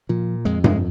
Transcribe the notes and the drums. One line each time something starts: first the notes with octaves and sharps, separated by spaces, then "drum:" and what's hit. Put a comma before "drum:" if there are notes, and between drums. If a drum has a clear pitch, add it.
A#2 F3
F2 G#3
G#3, drum: tom G2